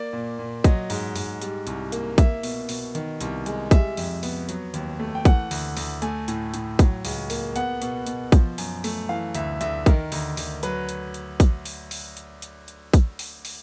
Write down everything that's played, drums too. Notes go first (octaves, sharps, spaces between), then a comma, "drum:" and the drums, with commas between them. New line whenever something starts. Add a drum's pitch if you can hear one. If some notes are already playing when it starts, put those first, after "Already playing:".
Already playing: A#3 D5
A#2
A#2
F#3 D#5, drum: kick, hi-hat
G#2, drum: open hi-hat
G#2, drum: open hi-hat
G3, drum: hi-hat
C2, drum: hi-hat
A#3, drum: hi-hat
A#3 E5, drum: kick, hi-hat
B2, drum: open hi-hat
B2, drum: open hi-hat
D#3, drum: hi-hat
C2, drum: hi-hat
G#3, drum: hi-hat
G3 E5, drum: kick, hi-hat
F2, drum: open hi-hat
B3, drum: open hi-hat
F#3, drum: hi-hat
D#2, drum: hi-hat
A3
G5
E3 F#5, drum: kick, hi-hat
D2, drum: open hi-hat
D2, drum: open hi-hat
A3 G#5, drum: hi-hat
A2, drum: hi-hat
A2, drum: hi-hat
F#3, drum: kick, hi-hat
C#2, drum: open hi-hat
A#3, drum: open hi-hat
B3 F#5, drum: hi-hat
B2, drum: hi-hat
B2, drum: hi-hat
F3, drum: kick, hi-hat
F#2, drum: open hi-hat
A3, drum: open hi-hat
E3 F5
D2 E5, drum: hi-hat
D2 E5, drum: hi-hat
D#3 A#4, drum: kick, hi-hat
D2, drum: open hi-hat
D2, drum: open hi-hat
F#3 B4, drum: hi-hat
drum: hi-hat
drum: hi-hat
drum: kick, hi-hat
drum: open hi-hat
drum: open hi-hat
drum: hi-hat
drum: hi-hat
drum: hi-hat
drum: kick, hi-hat
drum: open hi-hat
drum: open hi-hat